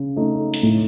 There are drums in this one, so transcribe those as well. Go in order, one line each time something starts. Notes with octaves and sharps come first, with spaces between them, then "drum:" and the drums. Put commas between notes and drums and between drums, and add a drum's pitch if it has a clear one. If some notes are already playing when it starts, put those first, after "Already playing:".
Already playing: C#3
A3 D#4
drum: open hi-hat
A2